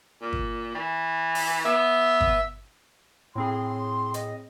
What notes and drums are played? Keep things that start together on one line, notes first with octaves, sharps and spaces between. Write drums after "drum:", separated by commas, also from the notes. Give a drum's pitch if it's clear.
A#2
drum: kick
E3
drum: open hi-hat
B3 E5
drum: kick
A2 C4 G#4 C6
D#5, drum: hi-hat